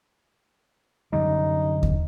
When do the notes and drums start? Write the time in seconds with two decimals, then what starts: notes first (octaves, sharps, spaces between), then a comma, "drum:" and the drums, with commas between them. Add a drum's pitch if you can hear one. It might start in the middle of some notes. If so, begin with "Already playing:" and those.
1.13 F#2 D3 G3 D#4
1.83 drum: kick D#2